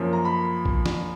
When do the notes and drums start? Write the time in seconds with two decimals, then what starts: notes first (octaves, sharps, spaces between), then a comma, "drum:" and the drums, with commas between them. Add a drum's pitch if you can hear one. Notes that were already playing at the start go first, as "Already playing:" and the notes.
Already playing: F#2 F3 A#3
0.13 A#5
0.25 B5
0.66 drum: kick A#1
0.86 drum: snare